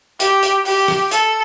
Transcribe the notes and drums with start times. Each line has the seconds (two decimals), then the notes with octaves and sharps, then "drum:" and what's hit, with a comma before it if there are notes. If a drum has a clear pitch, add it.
0.20 G4, drum: hi-hat
0.43 drum: hi-hat
0.65 G4, drum: open hi-hat
0.88 drum: rim click
1.11 A4, drum: hi-hat